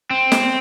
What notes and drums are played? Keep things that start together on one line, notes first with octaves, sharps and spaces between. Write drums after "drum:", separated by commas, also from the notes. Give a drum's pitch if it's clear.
C4
drum: snare